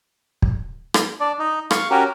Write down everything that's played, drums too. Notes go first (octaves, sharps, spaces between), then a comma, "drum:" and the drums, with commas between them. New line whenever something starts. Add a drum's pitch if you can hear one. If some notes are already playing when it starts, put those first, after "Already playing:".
drum: kick
drum: rim click
D4 D5
D#4
F5 C#6, drum: rim click
C#4 F#4 G4 A#4